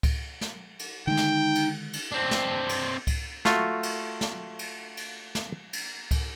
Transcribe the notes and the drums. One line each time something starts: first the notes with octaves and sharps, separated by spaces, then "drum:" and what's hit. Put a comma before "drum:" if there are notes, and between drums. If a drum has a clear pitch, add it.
drum: kick C#2, cymbal
drum: snare
drum: cymbal
D3 D#3 G#3 D#4 G5
drum: snare
drum: cymbal
drum: cymbal
C4 D4
drum: snare
drum: cymbal
drum: kick C#2, cymbal
A3 F4 F#4, drum: snare
drum: cymbal
drum: snare
drum: cymbal
drum: cymbal
drum: snare
drum: cymbal
drum: kick C#2, cymbal